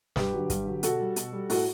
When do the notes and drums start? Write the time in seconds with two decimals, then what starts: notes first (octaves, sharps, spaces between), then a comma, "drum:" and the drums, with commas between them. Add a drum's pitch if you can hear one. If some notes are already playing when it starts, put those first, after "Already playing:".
0.16 G2 G4 B4, drum: snare
0.33 D3 F#3
0.50 G2, drum: kick, hi-hat
0.66 D3 F#3
0.83 B2 F#4 A4, drum: hi-hat
1.00 G3
1.16 B2, drum: hi-hat
1.32 G3
1.50 A2 F#4 A4, drum: open hi-hat